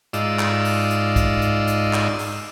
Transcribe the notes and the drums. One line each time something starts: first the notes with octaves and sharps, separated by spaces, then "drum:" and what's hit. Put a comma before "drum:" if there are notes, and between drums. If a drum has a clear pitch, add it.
G#2 D#4 F4 D5 E6, drum: hi-hat
drum: clap
drum: open hi-hat
drum: hi-hat
drum: kick, hi-hat
drum: hi-hat
drum: hi-hat
drum: clap
drum: open hi-hat